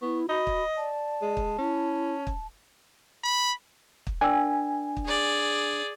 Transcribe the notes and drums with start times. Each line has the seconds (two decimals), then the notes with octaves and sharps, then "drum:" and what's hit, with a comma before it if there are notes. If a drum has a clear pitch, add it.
0.02 B3 E4 C#6
0.29 F#4 D#5 B5
0.47 drum: kick
0.77 D5 A5
1.22 G#3
1.37 drum: kick
1.58 C#4 E4
2.27 drum: kick
3.24 B5
4.07 drum: kick
4.21 D4 A#4 G5 G#5 E6
4.97 drum: kick
5.06 G#4 D5